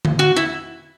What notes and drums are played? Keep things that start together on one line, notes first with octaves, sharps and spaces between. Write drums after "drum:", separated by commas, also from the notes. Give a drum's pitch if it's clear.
drum: tom D3
F#4
E4